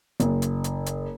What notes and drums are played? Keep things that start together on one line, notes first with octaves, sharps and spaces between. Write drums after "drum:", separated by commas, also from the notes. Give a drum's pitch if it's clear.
F#1, drum: hi-hat
drum: hi-hat
drum: hi-hat
drum: hi-hat